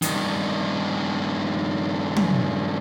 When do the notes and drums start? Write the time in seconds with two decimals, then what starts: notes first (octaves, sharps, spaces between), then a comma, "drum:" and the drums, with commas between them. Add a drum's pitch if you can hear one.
0.02 G2 D#3, drum: hi-hat
2.16 drum: tom